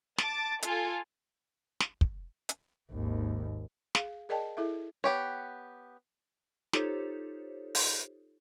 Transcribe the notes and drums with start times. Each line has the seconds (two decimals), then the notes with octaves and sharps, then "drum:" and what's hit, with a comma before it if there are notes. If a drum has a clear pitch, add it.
0.18 A5 D6 A6, drum: snare
0.62 F4 A4 G#5, drum: hi-hat
1.80 drum: snare
2.01 drum: kick
2.49 drum: hi-hat
2.91 G#1 D#2
3.95 G#4 F5, drum: snare
4.29 G#4 A#4 D5 D#5 G5 A5
4.57 E4 G#4 A4 E5
5.04 B3 G4 C#5
6.73 D#4 F4 G4 A4 C5 C#5, drum: snare
7.75 drum: open hi-hat